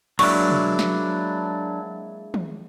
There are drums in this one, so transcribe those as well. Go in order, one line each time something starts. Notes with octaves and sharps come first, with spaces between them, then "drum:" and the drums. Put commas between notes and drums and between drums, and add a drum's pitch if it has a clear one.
F#3 G#3 A#3 D4 E4 C#6, drum: cymbal
drum: tom
drum: snare
drum: tom